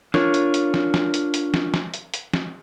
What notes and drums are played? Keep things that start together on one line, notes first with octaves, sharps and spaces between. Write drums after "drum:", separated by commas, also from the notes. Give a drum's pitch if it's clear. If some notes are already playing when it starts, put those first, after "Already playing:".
D4 F4 A#4 C#5, drum: snare
drum: hi-hat
drum: hi-hat
drum: snare
drum: snare
drum: hi-hat
drum: hi-hat
drum: snare
drum: snare
drum: hi-hat
drum: hi-hat
drum: snare